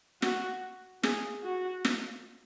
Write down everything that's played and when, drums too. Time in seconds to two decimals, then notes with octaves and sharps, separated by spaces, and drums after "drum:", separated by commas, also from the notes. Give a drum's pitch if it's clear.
0.22 F#4, drum: snare
1.03 G#4, drum: snare
1.43 F#4
1.85 drum: snare